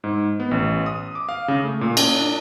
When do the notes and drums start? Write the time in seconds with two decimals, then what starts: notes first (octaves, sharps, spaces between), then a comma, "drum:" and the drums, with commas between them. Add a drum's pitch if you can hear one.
0.04 G#2
0.40 B3
0.51 A1
0.86 D#6
1.15 D6
1.29 F5
1.48 C#3
1.64 A3
1.81 A#2
1.97 C#4, drum: cymbal
2.19 D4